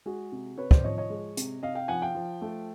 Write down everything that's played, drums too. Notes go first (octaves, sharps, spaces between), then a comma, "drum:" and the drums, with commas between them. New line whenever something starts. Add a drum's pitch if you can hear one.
G#3 F#4 G#4
C3
C3 B4 C#5
C5 D5, drum: kick
F3 C#5 D#5
C#5 D#5
G#3
C3, drum: hi-hat
C3 D#5 F5
F5 G5
F3 F#5 G#5
F5 G5
F3
A3